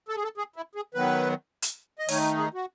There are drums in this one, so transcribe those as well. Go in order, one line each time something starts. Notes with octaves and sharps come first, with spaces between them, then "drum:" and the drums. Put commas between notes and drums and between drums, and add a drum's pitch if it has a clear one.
A4
G#4
A4
G#4
E4
G#4
D#3 F#3 B3 B4
drum: hi-hat
D#5
D#3 A3 D#4 C#5, drum: open hi-hat
G#4
F#4